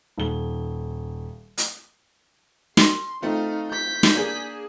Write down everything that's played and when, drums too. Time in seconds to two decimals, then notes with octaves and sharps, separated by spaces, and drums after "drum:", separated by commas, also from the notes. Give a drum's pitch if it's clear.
0.18 D#1 G7
1.58 drum: hi-hat
2.77 C6, drum: snare
3.22 A3 C4 D#4 F4 F5
3.71 G6 B6
4.03 drum: snare
4.14 A#3 D4 G#4